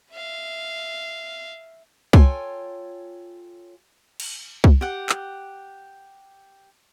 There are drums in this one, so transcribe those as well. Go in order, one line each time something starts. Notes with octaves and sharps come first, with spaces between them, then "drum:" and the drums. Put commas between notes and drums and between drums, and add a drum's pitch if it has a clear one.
E5 F5
F4 A4 C#5 G5 G#5, drum: kick C2
drum: cymbal
drum: kick C2
G4 F#5
drum: clap